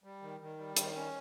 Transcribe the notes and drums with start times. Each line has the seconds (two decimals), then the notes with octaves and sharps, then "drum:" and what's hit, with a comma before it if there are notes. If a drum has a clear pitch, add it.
0.04 G3
0.22 D#3
0.40 D#3
0.58 G3
0.76 D#3, drum: hi-hat
0.95 C#4